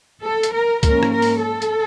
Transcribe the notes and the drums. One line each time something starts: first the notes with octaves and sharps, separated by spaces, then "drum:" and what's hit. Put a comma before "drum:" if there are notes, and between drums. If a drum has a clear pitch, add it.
A4
drum: hi-hat
A#4
G#2 F3 A#3 C#4 A#4, drum: kick, hi-hat
drum: rim click
A#4
drum: open hi-hat
A4
drum: hi-hat